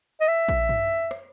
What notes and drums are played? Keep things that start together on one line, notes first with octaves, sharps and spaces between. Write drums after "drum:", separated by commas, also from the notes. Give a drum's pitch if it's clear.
D#5
E5
drum: kick A#1
drum: tom
drum: rim click